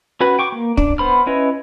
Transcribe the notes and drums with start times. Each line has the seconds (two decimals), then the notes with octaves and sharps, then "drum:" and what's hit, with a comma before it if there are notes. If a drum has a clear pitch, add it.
0.20 C#4 F#4 B4 F#5
0.39 G5 C#6 D6
0.52 A#3
0.77 D4, drum: kick
0.98 B3 C5 B5 F6
1.26 C#4 E4 B4 C#5 D#5